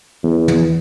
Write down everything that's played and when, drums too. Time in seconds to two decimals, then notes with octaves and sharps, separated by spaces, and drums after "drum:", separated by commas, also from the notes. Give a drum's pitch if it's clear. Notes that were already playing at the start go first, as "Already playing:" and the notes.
0.23 E2
0.48 drum: tom